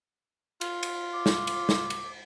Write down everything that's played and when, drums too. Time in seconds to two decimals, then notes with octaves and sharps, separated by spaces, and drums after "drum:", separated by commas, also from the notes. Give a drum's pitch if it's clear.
0.61 F4, drum: cymbal
0.83 drum: cymbal
1.13 D6
1.26 drum: snare
1.47 drum: cymbal
1.69 drum: snare
1.90 drum: cymbal